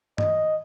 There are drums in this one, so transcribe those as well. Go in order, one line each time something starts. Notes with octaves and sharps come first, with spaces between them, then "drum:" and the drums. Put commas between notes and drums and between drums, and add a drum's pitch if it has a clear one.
D#5, drum: tom G2